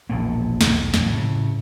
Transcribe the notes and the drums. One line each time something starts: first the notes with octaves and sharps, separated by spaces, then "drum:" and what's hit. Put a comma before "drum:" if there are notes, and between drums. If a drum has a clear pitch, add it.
E1 A#1 A#2 A#3
B1 E2, drum: snare
A#1 F2 G3, drum: snare
A2 C#3